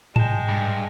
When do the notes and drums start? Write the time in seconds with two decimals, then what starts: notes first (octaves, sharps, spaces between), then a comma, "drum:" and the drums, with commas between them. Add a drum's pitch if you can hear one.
0.16 G#2 G#3 G5 A5, drum: tom G#2
0.48 G2